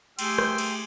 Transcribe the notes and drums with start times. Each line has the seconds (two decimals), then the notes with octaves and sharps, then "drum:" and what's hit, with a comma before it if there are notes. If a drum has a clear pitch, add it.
0.19 A3 G4 G#4 G5 C6 E6, drum: cymbal
0.38 drum: rim click
0.58 drum: cymbal